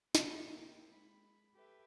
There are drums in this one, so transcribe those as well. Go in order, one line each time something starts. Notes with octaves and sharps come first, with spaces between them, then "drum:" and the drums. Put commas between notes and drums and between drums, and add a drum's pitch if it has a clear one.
B2, drum: snare
A#3 C4 E4 F4 G4 A#4
G#3 B5
G4 A4 B4 E5